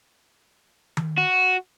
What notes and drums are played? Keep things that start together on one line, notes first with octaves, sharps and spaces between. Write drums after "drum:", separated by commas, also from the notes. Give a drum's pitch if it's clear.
drum: tom D#3
F#4